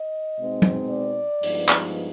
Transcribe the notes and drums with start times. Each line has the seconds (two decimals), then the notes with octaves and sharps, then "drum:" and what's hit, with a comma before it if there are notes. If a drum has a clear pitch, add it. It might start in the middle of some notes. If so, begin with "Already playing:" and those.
Already playing: D#5
0.38 B2 G#3 C4 D#4
0.62 drum: tom F#3
0.90 D5
1.43 G2 F3 G#3 B3 D#4, drum: open hi-hat
1.69 drum: clap